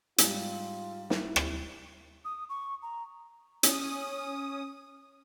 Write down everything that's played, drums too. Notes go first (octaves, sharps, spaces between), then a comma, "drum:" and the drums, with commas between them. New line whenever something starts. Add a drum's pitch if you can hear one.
G#2 G3 F4, drum: hi-hat
E4, drum: snare
drum: rim click
D#6
C#6
A#5
C#4 D#6, drum: hi-hat